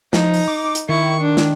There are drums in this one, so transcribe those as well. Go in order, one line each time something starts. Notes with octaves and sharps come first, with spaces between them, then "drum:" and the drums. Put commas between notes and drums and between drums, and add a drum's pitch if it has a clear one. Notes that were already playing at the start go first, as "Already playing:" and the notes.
F3 D#4, drum: snare
drum: open hi-hat
D6
drum: hi-hat
D#3 E4 C#6
D4
drum: snare